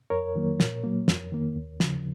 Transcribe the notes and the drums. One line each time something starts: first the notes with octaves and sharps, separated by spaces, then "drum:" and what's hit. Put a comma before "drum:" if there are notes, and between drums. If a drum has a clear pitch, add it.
F2 A#4 C#5
D#3 F#3 A#3
A#2, drum: snare
F#3 A#3
F2, drum: snare
D#3 A#3
D#2
C#3 F3, drum: snare